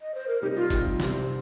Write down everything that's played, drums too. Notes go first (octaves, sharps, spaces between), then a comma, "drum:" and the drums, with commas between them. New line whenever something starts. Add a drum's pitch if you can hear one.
D#5
C5
A#4
C3 G3 D#4 G4
F4
C3 G3 D#4, drum: kick, hi-hat
C2 C3 G3 C4, drum: snare